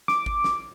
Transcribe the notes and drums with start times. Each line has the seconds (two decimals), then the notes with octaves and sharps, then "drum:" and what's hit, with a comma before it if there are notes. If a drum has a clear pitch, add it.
0.08 D6, drum: snare
0.26 drum: kick G#1
0.44 drum: snare